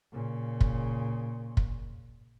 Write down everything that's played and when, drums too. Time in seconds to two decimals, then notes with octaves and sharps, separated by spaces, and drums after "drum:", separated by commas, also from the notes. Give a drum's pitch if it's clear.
0.12 A#2 C#3
0.61 drum: kick
1.57 drum: kick